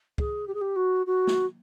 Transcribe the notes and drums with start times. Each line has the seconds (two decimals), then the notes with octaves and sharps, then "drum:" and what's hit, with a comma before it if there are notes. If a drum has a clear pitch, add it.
0.18 G#4, drum: kick
0.47 G4
0.54 G#4
0.61 G4
0.76 F#4
1.06 F#4
1.27 drum: snare